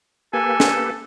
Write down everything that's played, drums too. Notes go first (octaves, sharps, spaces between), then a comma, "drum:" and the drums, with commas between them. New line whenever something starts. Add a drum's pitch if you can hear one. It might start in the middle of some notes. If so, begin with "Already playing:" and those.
A#3 G4 A4 B4 G#5
drum: snare